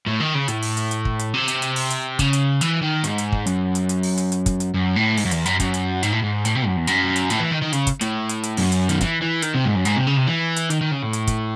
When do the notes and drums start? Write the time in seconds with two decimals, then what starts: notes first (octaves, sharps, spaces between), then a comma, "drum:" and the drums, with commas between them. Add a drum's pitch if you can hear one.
0.06 A2
0.20 D#3
0.34 C#3
0.48 A2, drum: hi-hat
0.63 drum: open hi-hat
0.77 drum: hi-hat
0.91 drum: hi-hat
1.05 drum: kick
1.19 drum: hi-hat
1.34 C3
1.48 drum: hi-hat
1.62 drum: hi-hat
1.76 drum: open hi-hat
1.90 drum: hi-hat
2.19 C#3, drum: kick, hi-hat
2.33 drum: hi-hat
2.61 E3, drum: hi-hat
2.82 D#3
3.04 G#2, drum: hi-hat
3.18 drum: hi-hat
3.32 drum: kick
3.46 F#2, drum: hi-hat
3.75 drum: hi-hat
3.89 drum: hi-hat
4.03 drum: open hi-hat
4.18 drum: hi-hat
4.32 drum: hi-hat
4.46 drum: kick, hi-hat
4.60 drum: hi-hat
4.74 F#2
4.96 A2
5.18 G#2, drum: open hi-hat
5.25 F#2
5.31 E2, drum: hi-hat
5.46 F#2, drum: hi-hat
5.60 F#2, drum: kick, hi-hat
5.74 drum: hi-hat
6.03 G#2, drum: hi-hat
6.13 A2
6.22 G#2
6.45 A2, drum: hi-hat
6.56 C3
6.67 F#2
6.77 E2
6.87 F#2, drum: hi-hat
7.16 drum: hi-hat
7.30 A2, drum: hi-hat
7.40 E3
7.51 D#3
7.62 D#3
7.73 C#3, drum: hi-hat
7.87 drum: kick, hi-hat
8.01 A2, drum: hi-hat
8.29 drum: hi-hat
8.43 drum: hi-hat
8.57 F#2, drum: open hi-hat
8.72 drum: hi-hat
8.89 D#3, drum: hi-hat
9.01 E3, drum: kick, hi-hat
9.21 E3
9.42 D#3, drum: hi-hat
9.54 C3
9.65 G#2
9.75 F#2
9.85 G#2, drum: hi-hat
9.96 C3
10.07 C#3
10.17 C3
10.28 E3
10.56 drum: hi-hat
10.70 D#3, drum: hi-hat
10.81 D#3
10.91 C#3
11.02 A2
11.13 drum: hi-hat
11.27 drum: kick, hi-hat